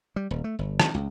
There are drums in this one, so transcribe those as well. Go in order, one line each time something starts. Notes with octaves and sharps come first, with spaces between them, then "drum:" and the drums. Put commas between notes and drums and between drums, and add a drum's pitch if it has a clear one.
G3
D#1
A3
G1
D#3, drum: rim click
C#2